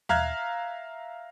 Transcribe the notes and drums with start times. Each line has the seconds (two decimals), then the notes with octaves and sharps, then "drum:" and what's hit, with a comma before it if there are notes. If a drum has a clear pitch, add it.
0.09 E5 F5 A#5 F6 F#6 G#6, drum: tom D#2